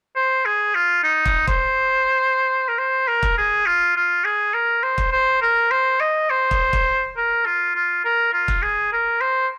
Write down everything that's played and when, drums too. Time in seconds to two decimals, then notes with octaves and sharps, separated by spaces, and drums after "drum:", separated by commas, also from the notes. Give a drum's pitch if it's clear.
0.16 C5
0.45 G#4
0.75 F4
1.03 D#4
1.26 drum: kick
1.47 C5, drum: kick
2.68 A#4
2.79 C5
3.08 A#4
3.23 drum: kick
3.38 G#4
3.66 F4
3.96 F4
4.24 G#4
4.53 A#4
4.83 C5
4.98 drum: kick
5.12 C5
5.42 A#4
5.71 C5
6.00 D#5
6.30 C5
6.51 drum: kick
6.73 drum: kick
7.17 A#4
7.46 F4
7.75 F4
8.05 A#4
8.33 F4
8.48 drum: kick
8.62 G#4
8.93 A#4
9.21 C5